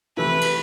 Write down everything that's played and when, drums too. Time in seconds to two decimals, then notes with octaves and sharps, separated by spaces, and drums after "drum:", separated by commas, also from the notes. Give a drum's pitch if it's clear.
0.17 C3 E3 A3 E4 B4
0.41 drum: cymbal